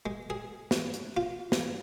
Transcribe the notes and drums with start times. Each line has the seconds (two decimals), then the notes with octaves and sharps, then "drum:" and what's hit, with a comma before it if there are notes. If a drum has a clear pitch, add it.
0.06 G#3
0.30 G#4
0.71 drum: snare
0.94 drum: hi-hat
1.17 F4
1.52 drum: snare